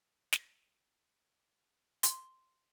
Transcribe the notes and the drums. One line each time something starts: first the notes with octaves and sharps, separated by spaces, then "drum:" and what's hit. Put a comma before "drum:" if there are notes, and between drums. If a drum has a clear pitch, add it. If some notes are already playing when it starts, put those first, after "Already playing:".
drum: snare
C6, drum: hi-hat